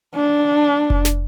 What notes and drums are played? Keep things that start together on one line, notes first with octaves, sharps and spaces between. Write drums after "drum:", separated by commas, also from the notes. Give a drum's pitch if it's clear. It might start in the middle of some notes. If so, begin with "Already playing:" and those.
D4
drum: kick F1
drum: snare